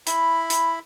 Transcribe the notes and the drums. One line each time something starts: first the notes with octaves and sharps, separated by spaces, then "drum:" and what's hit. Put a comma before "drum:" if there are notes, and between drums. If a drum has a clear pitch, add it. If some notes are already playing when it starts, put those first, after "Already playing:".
E4 B5, drum: hi-hat
drum: hi-hat